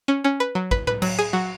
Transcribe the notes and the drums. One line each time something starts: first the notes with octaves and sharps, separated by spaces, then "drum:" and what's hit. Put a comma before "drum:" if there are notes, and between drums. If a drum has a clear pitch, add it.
C#4
C#4
B4
F#3
B4, drum: kick
B4, drum: tom A2
F#3, drum: cymbal
G#4
F#3